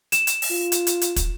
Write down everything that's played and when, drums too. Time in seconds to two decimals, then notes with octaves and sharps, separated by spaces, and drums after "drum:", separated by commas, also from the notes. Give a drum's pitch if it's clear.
0.12 E7, drum: hi-hat
0.27 drum: hi-hat
0.42 drum: open hi-hat
0.51 F4
0.72 drum: hi-hat
0.87 drum: hi-hat
1.01 drum: hi-hat
1.16 drum: kick, hi-hat